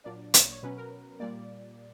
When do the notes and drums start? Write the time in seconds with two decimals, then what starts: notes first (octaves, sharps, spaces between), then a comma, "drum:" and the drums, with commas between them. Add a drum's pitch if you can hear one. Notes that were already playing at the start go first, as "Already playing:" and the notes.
0.04 A#2 F#3 A#3 D4 D5
0.34 C#5, drum: hi-hat
0.53 C#5
0.63 B2 F#3 C#4 B4
0.78 A#4
1.20 A#2 G3 A#3 D5